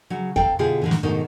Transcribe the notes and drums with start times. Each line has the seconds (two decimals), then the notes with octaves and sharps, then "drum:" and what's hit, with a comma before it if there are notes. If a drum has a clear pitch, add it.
0.10 C#3 F#3
0.36 C3 A4 F5 G5, drum: kick E2
0.59 B2 D3 E4 F4 G4 G#4
0.82 A2 D3 E3
0.91 drum: snare
1.03 G#2 B2 D#3 A3 D#4